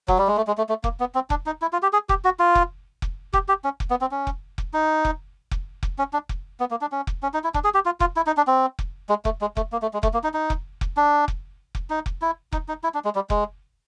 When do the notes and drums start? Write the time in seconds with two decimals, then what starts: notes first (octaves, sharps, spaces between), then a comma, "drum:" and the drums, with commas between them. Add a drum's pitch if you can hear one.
0.08 F#3, drum: kick F1
0.18 G3
0.27 G#3
0.37 A3
0.47 G#3
0.58 A3
0.69 A3
0.84 A#3, drum: kick F1
1.00 B3
1.15 C4
1.30 D4, drum: kick F1
1.46 D#4
1.62 E4
1.73 F4
1.83 G4
1.93 G#4
2.09 G4, drum: kick F1
2.25 F#4
2.39 F4
2.55 drum: kick F1
3.02 drum: kick F1
3.33 G4, drum: kick F1
3.48 G4
3.64 C#4
3.80 drum: kick F1
3.90 B3
4.01 C4
4.11 C#4
4.27 drum: kick F1
4.58 drum: kick F1
4.73 D#4
5.05 drum: kick F1
5.51 drum: kick F1
5.83 drum: kick F1
5.98 C#4
6.13 D4
6.29 drum: kick F1
6.60 B3
6.71 A#3
6.81 D4
6.92 C#4
7.07 drum: kick F1
7.23 C#4
7.34 D#4
7.44 E4
7.54 D4, drum: kick F1
7.64 G#4
7.74 G4
7.85 F4
8.00 F4, drum: kick F1
8.16 E4
8.27 D#4
8.37 D4
8.47 C4
8.79 drum: kick F1
9.09 G#3
9.25 A3, drum: kick F1
9.41 G#3
9.57 A3, drum: kick F1
9.72 A#3
9.82 A3
9.93 G#3
10.03 A3, drum: kick F1
10.14 A#3
10.24 D#4
10.34 D#4
10.50 drum: kick F1
10.81 drum: kick F1
10.97 D4
11.28 drum: kick F1
11.75 drum: kick F1
11.90 D#4
12.06 drum: kick F1
12.22 E4
12.52 D#4, drum: kick F1
12.68 D#4
12.84 E4
12.94 D4
13.05 G#3
13.15 G3
13.30 G#3, drum: kick F1